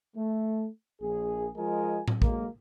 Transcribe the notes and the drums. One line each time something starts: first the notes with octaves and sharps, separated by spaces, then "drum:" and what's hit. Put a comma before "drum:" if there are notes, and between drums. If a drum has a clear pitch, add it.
A3
A#1 G#4
F3 G#3 F4 A#4 D#5 G#5
drum: tom A2
D2 F#3 G#3 A#3, drum: kick